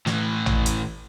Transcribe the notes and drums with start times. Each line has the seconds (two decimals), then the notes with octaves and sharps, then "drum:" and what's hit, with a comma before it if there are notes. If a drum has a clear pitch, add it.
0.06 A2 E3, drum: snare
0.46 drum: tom A1
0.66 drum: hi-hat